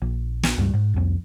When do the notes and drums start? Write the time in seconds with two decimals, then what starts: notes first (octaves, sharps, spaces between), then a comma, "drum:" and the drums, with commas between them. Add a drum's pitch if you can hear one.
0.02 A#1
0.43 drum: snare
0.58 C#2 G2 G3
0.74 G#2
0.94 C2 F2